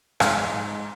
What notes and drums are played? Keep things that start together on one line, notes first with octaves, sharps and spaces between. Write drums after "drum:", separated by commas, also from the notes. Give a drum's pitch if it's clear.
G#2, drum: rim click